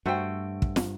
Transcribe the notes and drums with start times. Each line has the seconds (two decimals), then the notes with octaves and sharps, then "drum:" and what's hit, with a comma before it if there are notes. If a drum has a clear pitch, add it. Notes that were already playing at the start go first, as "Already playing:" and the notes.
0.06 G2 A3 F#4 C5 F#5 G5
0.62 drum: kick
0.76 drum: snare